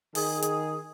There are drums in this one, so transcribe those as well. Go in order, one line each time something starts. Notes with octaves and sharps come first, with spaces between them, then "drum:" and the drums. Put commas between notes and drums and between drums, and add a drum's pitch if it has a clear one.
D#3 G#4, drum: open hi-hat
drum: hi-hat